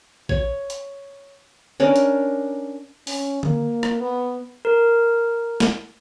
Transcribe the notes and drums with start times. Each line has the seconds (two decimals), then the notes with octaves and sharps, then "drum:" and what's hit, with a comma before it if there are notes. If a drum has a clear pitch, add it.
0.29 C#5, drum: kick A1
0.70 drum: hi-hat
1.80 C#4 D4 A#4
1.96 drum: hi-hat
3.07 C#4, drum: open hi-hat
3.43 A#3, drum: tom D3
3.83 drum: rim click
4.00 B3
4.65 A#4
5.60 drum: snare